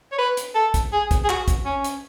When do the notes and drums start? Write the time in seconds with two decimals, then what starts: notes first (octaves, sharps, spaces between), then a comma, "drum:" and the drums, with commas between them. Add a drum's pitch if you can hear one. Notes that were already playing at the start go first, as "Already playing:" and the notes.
0.12 C#5
0.19 B4
0.37 drum: hi-hat
0.55 A4
0.74 drum: kick, hi-hat
0.93 G#4
1.11 drum: kick, hi-hat
1.25 G#4
1.29 F#4, drum: clap
1.48 drum: kick, hi-hat
1.65 C#4
1.84 drum: hi-hat